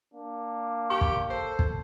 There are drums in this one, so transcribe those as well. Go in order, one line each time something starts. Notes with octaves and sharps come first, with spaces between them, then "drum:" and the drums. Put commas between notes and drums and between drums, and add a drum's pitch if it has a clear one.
A#3 D4
G4 C#6
drum: kick
A4 C5
drum: kick